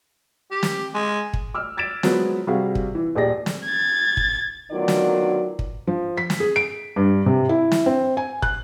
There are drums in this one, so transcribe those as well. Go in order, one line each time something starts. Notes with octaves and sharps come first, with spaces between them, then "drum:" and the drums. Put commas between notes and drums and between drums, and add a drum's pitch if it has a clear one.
G4
drum: snare
G#3
drum: kick
D6 E6 F6
G#6 A6 B6 D7 E7
F3 F#3 G#3 B3 B4, drum: snare
C3 G3 F#4 G#4 F5
drum: kick
E3
D#1 G4 G#4 D5 A#6
drum: snare
G#6 A6
drum: kick
D2 D#3 F#3 B3 F4 D5
drum: snare
drum: kick
F3
B6
drum: snare
G#4
D7
G2
C3
E4
drum: snare
C4
G#5
F#6, drum: kick